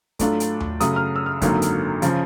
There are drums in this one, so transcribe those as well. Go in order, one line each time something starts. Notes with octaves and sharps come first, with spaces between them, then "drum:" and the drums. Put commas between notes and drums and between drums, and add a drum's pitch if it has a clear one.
A2 F#3 A3 D4 F4, drum: kick, hi-hat
drum: hi-hat
drum: tom D#2
F#2 C#3 F#3 A3 D#6, drum: hi-hat
F6
E6
F6
G#1 F#2 D3 F#3 A#3, drum: kick, hi-hat
drum: hi-hat
C#3 F3, drum: hi-hat